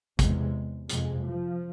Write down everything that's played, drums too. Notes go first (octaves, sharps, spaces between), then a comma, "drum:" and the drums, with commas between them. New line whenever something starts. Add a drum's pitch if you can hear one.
E2 C3 G#3, drum: kick, hi-hat
F2 C3 G#3, drum: hi-hat
F3